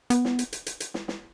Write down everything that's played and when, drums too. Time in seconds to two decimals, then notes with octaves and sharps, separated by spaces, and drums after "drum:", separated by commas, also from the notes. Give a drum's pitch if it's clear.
0.10 B3, drum: hi-hat
0.25 drum: snare
0.39 drum: hi-hat
0.53 drum: hi-hat
0.66 drum: hi-hat
0.80 drum: hi-hat
0.94 drum: snare
1.08 drum: snare